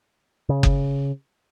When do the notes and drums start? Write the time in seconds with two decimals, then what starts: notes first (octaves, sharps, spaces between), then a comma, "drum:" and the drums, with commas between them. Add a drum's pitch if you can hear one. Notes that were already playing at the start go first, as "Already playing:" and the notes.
0.49 C#3
0.63 drum: kick F#1